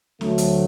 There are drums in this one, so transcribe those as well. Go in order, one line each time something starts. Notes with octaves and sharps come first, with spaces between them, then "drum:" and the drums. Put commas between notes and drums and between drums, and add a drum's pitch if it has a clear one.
D2 D3 F#3 A3, drum: snare C4
drum: hi-hat